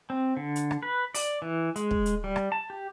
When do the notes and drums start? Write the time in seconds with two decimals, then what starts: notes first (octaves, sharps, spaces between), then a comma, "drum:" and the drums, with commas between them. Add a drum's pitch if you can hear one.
0.10 C4
0.37 D3
0.56 drum: hi-hat
0.71 drum: rim click
0.83 B4
1.15 D5, drum: open hi-hat
1.42 E3
1.76 G#3, drum: hi-hat
1.91 drum: kick
2.06 drum: hi-hat
2.24 G3
2.36 drum: rim click
2.52 A5
2.70 G4